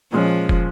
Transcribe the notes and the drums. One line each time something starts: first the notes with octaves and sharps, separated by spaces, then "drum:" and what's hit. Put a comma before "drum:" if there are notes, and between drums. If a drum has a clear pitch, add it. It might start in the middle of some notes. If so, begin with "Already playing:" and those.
A#2 F3 G#3 C#4
drum: kick